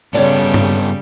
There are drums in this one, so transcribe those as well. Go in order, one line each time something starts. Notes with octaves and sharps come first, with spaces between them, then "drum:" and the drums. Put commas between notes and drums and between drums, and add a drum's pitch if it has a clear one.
G2 C#3 G3 B3 A4 C#5 D5
drum: tom G2